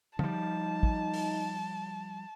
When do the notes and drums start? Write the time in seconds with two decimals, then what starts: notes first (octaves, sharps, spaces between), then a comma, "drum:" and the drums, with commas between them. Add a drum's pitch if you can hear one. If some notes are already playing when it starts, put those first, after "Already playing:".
0.19 F3 G3 D#4 A5, drum: tom
0.83 drum: kick
1.14 drum: open hi-hat